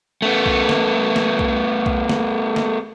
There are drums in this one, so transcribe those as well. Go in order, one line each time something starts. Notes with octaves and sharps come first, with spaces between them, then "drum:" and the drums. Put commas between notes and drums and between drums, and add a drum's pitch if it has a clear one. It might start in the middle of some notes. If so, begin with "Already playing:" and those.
A3 B3
drum: kick B1
drum: snare
drum: snare
drum: kick B1
drum: kick B1
drum: snare
drum: snare